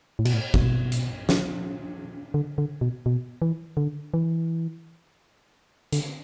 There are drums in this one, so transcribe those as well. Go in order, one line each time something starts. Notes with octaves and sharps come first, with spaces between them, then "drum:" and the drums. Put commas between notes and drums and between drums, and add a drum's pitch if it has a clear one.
A2
B2, drum: cymbal
A2
B2, drum: kick
drum: hi-hat
drum: snare
D3
D3
B2
B2
E3
D3
E3
D3, drum: hi-hat